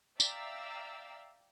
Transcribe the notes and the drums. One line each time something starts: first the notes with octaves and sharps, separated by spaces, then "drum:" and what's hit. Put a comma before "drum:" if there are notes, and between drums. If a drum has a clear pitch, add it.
D5 E5 F5 G5 A#5 E6, drum: tambourine